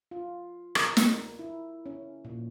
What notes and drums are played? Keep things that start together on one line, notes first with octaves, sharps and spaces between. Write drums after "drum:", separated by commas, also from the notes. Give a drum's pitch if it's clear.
F4
A#4, drum: rim click
drum: snare
E4
C#4
A#2